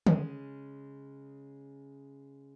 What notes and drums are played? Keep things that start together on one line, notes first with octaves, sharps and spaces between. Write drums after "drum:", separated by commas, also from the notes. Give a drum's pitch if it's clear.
C#3 G#3 C#4, drum: tom D3